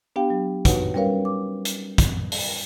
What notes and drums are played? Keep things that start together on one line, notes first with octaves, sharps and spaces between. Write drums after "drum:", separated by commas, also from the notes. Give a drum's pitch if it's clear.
B3 D4 G4 F5 G5
F#3
D#4 F#4 B4 C#5 F#5, drum: kick, hi-hat
G3 C#4 A#4 B4 C#5 F5
D6
drum: hi-hat
drum: kick, hi-hat
drum: open hi-hat